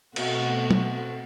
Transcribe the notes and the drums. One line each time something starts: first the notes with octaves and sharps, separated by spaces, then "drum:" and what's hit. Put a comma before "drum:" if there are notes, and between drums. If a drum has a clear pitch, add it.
B2 A3 C4 F#4, drum: cymbal
drum: tom